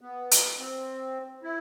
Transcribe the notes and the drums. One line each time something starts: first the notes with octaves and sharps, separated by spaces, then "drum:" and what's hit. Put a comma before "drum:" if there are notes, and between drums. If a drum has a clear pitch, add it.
B3
drum: hi-hat
C4
E4